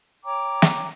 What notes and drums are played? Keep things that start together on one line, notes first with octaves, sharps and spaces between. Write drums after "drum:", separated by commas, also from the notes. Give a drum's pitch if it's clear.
C#5 G5 A#5 D6
drum: snare